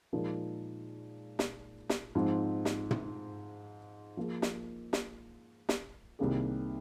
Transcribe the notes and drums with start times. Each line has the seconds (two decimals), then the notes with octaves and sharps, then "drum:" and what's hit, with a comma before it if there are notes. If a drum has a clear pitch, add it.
0.13 A#2 F3 G#3 D#4 A#4
1.39 drum: snare
1.89 drum: snare
2.15 G#2 F3 C4
2.65 drum: snare
2.91 drum: tom
4.17 F3 A#3 G#4
4.42 drum: snare
4.93 drum: snare
5.69 drum: snare
6.19 C2 C3 D#3 A#3 G#4